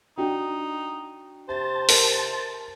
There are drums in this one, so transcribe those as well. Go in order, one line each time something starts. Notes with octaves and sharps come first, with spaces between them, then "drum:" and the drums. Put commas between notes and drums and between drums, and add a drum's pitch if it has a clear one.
D4 D#4 F#4 G5
C3 C5 A5
A#4, drum: open hi-hat